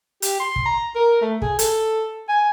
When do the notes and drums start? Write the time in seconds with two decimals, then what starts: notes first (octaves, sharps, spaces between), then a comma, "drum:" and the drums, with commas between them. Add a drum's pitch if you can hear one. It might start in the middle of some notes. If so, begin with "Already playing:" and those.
0.22 G4, drum: hi-hat
0.40 C6
0.56 drum: kick
0.66 A#5
0.96 A#4
1.22 A3
1.42 G#4, drum: kick
1.59 A4, drum: hi-hat
2.29 G#5